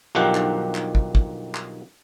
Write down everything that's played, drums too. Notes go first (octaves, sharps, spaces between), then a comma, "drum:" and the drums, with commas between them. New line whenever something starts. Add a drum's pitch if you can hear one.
B1 G2 D#3 F3 G4 F#5
drum: clap
drum: clap
drum: kick
drum: kick
drum: clap